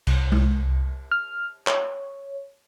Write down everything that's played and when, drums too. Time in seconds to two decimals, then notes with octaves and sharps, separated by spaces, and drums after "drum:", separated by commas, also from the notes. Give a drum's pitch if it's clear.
0.07 C2, drum: cymbal
0.32 drum: tom G#3
1.11 F6
1.67 C#5, drum: clap